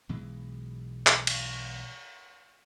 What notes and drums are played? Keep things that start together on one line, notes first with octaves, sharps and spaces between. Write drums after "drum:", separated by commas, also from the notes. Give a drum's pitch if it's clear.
B1 B2 E3 G#3
drum: clap
drum: cymbal